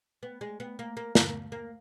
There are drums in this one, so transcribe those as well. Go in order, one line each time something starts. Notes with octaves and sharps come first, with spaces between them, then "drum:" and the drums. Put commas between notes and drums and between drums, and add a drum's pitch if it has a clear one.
B3
G#3
B3
A#3
A#3
A#3, drum: snare
A#3